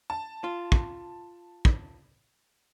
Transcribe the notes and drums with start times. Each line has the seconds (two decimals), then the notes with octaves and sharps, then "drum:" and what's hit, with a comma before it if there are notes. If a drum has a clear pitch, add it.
0.10 A5
0.44 F4
0.72 drum: kick
1.65 drum: kick